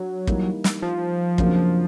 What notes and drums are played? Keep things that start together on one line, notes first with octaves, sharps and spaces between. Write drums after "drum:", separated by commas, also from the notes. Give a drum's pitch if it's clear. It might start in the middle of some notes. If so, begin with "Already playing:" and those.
Already playing: F#3 D4
E3 G3 A#3 D#4, drum: kick
drum: snare
F3
F2 C#3 F#3 A#3 D4, drum: kick